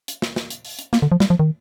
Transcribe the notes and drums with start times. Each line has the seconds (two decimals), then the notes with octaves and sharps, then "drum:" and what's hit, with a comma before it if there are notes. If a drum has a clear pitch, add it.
0.08 drum: hi-hat
0.22 drum: snare
0.36 drum: snare
0.50 drum: hi-hat
0.65 drum: open hi-hat
0.79 drum: hi-hat
0.93 A#3, drum: snare
1.02 D3
1.12 F3
1.20 G3, drum: snare
1.30 F3
1.39 D#3